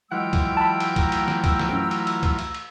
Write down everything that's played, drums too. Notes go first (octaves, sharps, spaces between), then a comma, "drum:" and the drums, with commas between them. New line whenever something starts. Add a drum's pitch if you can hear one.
E3 F#3 G#3 F4 F#5 G5 E6
drum: kick C2, cymbal
A5 B5
drum: cymbal
A3 A#5 E6, drum: kick C2, cymbal
drum: cymbal
drum: snare
drum: kick C2, cymbal
drum: snare
C2 F#2
drum: cymbal
drum: cymbal
drum: kick C2, cymbal
drum: cymbal
drum: cymbal